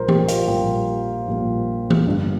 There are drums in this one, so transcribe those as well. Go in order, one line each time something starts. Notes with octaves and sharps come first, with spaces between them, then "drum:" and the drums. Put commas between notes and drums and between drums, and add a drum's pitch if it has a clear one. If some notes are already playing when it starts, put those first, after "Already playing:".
Already playing: A#1 A#2 G3 A#3 A#4 C5
G4, drum: tom E3
F4, drum: hi-hat
A#1 A#2 G3 A#3 G4
A#1 A#2 G3 A#3
drum: tom E3
G1 G2 G3 A#3